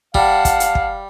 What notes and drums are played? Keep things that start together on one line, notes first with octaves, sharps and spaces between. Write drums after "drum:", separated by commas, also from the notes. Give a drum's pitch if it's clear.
G3 F5 F#5 A5, drum: kick
drum: kick, hi-hat
drum: hi-hat
drum: kick